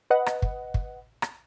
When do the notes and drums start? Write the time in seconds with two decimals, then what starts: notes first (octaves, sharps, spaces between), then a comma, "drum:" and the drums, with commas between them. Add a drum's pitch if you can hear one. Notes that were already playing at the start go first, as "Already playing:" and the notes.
0.10 B4 D#5 F#5
0.26 drum: rim click
0.42 drum: kick
0.74 drum: kick
1.22 drum: rim click